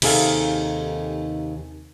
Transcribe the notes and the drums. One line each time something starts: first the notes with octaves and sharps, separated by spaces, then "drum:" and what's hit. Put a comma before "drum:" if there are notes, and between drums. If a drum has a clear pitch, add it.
D#2 C3 D#4 G#4 A4 F5, drum: cymbal